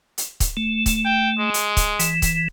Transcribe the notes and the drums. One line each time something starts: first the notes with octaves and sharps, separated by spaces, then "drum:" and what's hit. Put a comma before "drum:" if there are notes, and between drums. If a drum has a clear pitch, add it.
drum: hi-hat
drum: kick C#1, hi-hat
A3
drum: kick C#1, hi-hat
G5
G#3
drum: hi-hat
drum: kick C#1, hi-hat
E3, drum: hi-hat
drum: kick C#1, hi-hat